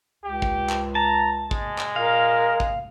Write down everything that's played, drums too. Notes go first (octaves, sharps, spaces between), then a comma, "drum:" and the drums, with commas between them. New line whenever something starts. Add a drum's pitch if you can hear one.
C#2 G4
drum: kick
drum: clap
A5 A#5
G#3, drum: kick
drum: clap
A#2 A#4 F5
drum: kick